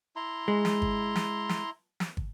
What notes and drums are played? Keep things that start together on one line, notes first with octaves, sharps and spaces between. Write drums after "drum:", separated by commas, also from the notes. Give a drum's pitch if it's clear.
E4 A#5 C6
G#3
drum: snare
drum: kick
drum: snare
drum: snare
drum: snare
drum: kick